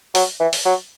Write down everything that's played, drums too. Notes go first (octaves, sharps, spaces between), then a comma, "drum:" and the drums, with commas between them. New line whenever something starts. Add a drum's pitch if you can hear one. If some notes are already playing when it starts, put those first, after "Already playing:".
F#3, drum: open hi-hat
E3
drum: open hi-hat
F#3